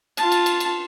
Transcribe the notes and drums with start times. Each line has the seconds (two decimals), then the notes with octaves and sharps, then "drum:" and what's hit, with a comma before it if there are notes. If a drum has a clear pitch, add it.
0.17 F4 A5, drum: cymbal
0.32 drum: cymbal
0.46 drum: cymbal
0.60 drum: cymbal